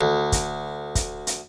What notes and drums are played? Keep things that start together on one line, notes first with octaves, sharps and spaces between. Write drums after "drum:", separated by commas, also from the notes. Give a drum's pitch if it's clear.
D2
drum: kick, hi-hat
drum: kick, hi-hat
drum: hi-hat